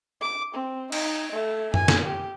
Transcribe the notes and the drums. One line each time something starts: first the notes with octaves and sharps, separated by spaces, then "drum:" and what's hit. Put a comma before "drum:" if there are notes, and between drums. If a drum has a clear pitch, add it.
D6
C4
D#4, drum: cymbal
A3
G#5, drum: tom F#2
drum: snare
G4